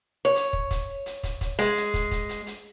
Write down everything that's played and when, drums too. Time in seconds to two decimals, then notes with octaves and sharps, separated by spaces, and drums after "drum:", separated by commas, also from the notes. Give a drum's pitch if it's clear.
0.25 C#5
0.36 drum: hi-hat
0.53 drum: kick
0.71 drum: kick, hi-hat
1.06 drum: hi-hat
1.23 drum: kick, hi-hat
1.41 drum: kick, hi-hat
1.59 G#3, drum: hi-hat
1.76 drum: hi-hat
1.94 drum: kick, hi-hat
2.11 drum: kick, hi-hat
2.29 drum: hi-hat
2.47 drum: hi-hat